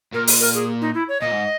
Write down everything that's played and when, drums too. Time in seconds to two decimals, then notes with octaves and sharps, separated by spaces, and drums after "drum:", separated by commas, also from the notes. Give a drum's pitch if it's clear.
0.14 A#2 A#4
0.27 drum: open hi-hat
0.41 A#4
0.54 G#4
0.82 D#4
0.94 E4
1.09 C#5
1.21 A#2 D#5
1.32 G#2